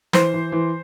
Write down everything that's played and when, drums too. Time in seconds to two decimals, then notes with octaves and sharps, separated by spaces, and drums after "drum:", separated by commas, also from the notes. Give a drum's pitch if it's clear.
0.13 E3 C5, drum: snare
0.34 E3
0.52 E3